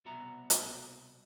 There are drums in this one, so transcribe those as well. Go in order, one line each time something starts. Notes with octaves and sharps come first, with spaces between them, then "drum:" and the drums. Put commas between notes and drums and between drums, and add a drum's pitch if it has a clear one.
C2 B2 F#4 E5 A#5
drum: hi-hat